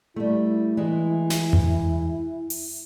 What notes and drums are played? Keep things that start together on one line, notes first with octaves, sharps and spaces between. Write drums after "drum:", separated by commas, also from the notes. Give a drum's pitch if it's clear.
G3 A3 E4
E3 G#3
drum: snare
drum: tom E2
drum: open hi-hat